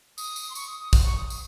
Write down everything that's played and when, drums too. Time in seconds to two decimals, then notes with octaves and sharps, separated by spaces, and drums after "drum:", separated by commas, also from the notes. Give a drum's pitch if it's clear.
0.18 D#6, drum: tambourine
0.36 drum: tambourine
0.50 C6
0.55 C#6, drum: tambourine
0.67 D#6
0.80 D#6
0.93 D#6, drum: kick, tambourine
1.04 C#6
1.18 D#6
1.30 D#6, drum: tambourine